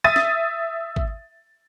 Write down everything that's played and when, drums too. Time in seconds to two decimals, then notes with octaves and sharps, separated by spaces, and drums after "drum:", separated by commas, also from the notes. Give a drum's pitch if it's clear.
0.04 E5 D#6 A6 D#7
0.16 drum: snare
0.96 drum: kick